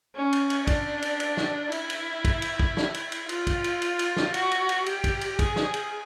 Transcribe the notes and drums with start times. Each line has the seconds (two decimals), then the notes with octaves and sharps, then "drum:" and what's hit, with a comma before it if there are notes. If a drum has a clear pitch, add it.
0.16 C#4
0.33 drum: cymbal
0.50 drum: cymbal
0.67 D4, drum: kick, cymbal
1.02 drum: cymbal
1.20 drum: cymbal
1.37 drum: snare
1.72 E4, drum: cymbal
1.90 drum: cymbal
2.25 drum: kick, cymbal
2.42 drum: cymbal
2.59 drum: kick
2.77 drum: snare
2.94 drum: cymbal
3.12 drum: cymbal
3.29 F4, drum: cymbal
3.47 drum: kick, cymbal
3.64 drum: cymbal
3.82 drum: cymbal
3.99 drum: cymbal
4.17 drum: snare
4.34 F#4, drum: cymbal
4.51 drum: cymbal
4.69 drum: cymbal
4.86 G4, drum: cymbal
5.04 drum: kick, cymbal
5.21 drum: cymbal
5.39 G#4, drum: kick, cymbal
5.56 drum: snare
5.74 drum: cymbal